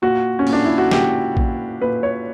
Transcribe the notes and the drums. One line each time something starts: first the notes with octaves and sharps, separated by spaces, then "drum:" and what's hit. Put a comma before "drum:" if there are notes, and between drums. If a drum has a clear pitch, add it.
A#2 F#4
C#4
A#2, drum: cymbal
D4
E4
F#4
A#2 G4, drum: snare
A#2, drum: kick A#1
A#2 B4
C#5